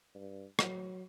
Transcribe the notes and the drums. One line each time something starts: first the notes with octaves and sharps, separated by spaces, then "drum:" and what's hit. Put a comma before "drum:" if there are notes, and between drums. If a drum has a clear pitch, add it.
G2
F#3, drum: rim click